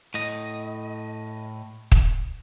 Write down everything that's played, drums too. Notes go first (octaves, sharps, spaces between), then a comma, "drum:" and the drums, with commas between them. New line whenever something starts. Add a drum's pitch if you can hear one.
A2 D#5
drum: kick